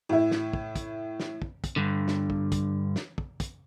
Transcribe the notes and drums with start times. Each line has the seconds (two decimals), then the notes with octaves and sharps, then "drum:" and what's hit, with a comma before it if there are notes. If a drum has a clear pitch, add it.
0.09 A2 E4
0.31 drum: snare
0.53 drum: kick
0.75 drum: kick, hi-hat
1.20 drum: snare
1.42 drum: kick
1.64 drum: kick, hi-hat
1.76 G2 D3
2.08 drum: snare
2.30 drum: kick
2.52 drum: kick, hi-hat
2.96 drum: snare
3.18 drum: kick
3.40 drum: kick, hi-hat